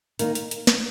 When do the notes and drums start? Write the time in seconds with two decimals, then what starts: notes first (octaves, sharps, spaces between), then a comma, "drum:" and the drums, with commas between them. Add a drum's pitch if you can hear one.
0.19 D#3 A#3 D#4, drum: hi-hat
0.35 drum: hi-hat
0.51 drum: hi-hat
0.67 drum: snare